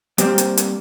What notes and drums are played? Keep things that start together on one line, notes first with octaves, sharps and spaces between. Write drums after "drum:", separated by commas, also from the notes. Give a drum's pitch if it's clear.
G3 A#3 C4 G4 C5 D5, drum: hi-hat
drum: hi-hat
drum: hi-hat